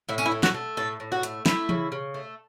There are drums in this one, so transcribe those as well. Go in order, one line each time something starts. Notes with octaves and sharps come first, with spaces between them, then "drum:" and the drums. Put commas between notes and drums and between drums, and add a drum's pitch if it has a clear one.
A2 E4
C#4, drum: tambourine
E4
A3
F#4, drum: snare
A3
A2 A4
A2
F#4
A3, drum: hi-hat
A3 E4, drum: snare
C#3, drum: tom E3
C#3
A3